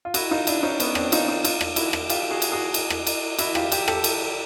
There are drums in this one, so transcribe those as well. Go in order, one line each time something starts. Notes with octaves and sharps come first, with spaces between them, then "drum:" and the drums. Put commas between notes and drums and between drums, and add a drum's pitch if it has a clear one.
F4
E4 F#4, drum: cymbal
D#4 F4
D4 E4, drum: cymbal
C#4 D#4
B3 C#4, drum: cymbal
C4 D4, drum: rim click
D#4 F4, drum: cymbal
D#4 F4
D#4 F4, drum: cymbal
drum: rim click
E4 F#4, drum: cymbal
drum: rim click
F4 G4, drum: cymbal
F#4 G#4
drum: cymbal
F#4 G#4
drum: cymbal
drum: rim click
drum: cymbal
E4 F#4, drum: cymbal
F4 G4, drum: rim click
F4 G4, drum: cymbal
G4 A4, drum: rim click
drum: cymbal